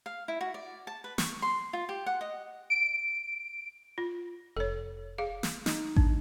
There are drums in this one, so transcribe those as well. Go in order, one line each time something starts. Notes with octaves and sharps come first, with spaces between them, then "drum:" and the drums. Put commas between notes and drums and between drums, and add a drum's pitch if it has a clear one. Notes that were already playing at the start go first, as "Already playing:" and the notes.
F5
E4
F#4
D5
A5
B4
C#6, drum: snare
C6
F4
G4
F#5
D#5
D7
F4
F1 A4 C#5
G#4 F5
drum: snare
D#4, drum: snare
D4, drum: kick A1